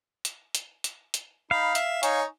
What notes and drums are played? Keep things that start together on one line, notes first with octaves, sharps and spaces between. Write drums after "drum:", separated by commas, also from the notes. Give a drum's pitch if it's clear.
drum: hi-hat
drum: hi-hat
drum: hi-hat
drum: hi-hat
D#4 F5 B5
E5, drum: hi-hat
D#4 C#5 G#5, drum: hi-hat